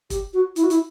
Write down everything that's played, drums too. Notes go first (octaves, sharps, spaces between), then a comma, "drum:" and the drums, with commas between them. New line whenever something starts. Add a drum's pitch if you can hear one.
G4, drum: kick, hi-hat
F#4
E4, drum: hi-hat
F#4
E4, drum: hi-hat